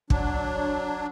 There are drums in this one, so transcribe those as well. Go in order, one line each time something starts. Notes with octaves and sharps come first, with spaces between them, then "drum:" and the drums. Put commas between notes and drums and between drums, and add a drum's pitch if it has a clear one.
F#3 D4, drum: kick